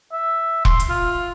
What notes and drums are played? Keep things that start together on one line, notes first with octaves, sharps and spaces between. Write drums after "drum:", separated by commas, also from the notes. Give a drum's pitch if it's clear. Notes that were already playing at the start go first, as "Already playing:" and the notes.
E5
C6, drum: kick E1
drum: hi-hat
F4